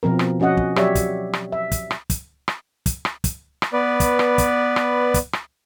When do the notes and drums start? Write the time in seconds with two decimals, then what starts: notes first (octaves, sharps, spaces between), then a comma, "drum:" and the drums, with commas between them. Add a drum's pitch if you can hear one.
0.03 B2 F3 C4 A#4
0.19 drum: rim click
0.40 F3 C#4 F#4 D#5 F#5
0.57 drum: kick
0.76 F#3 G4 C#5 D5 E5, drum: rim click
0.95 drum: kick, hi-hat
1.33 drum: rim click
1.52 E5
1.72 drum: kick, hi-hat
1.91 drum: rim click
2.10 drum: kick, hi-hat
2.48 drum: rim click
2.86 drum: kick, hi-hat
3.05 drum: rim click
3.24 drum: kick, hi-hat
3.62 drum: rim click
3.73 B3 B4 D5
4.00 drum: kick, hi-hat
4.19 drum: rim click
4.38 drum: kick, hi-hat
4.76 drum: rim click
5.14 drum: kick, hi-hat
5.33 drum: rim click